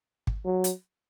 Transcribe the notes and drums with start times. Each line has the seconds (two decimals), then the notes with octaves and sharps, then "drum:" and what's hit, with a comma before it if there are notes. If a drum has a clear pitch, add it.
0.27 drum: kick
0.45 F#3
0.64 drum: hi-hat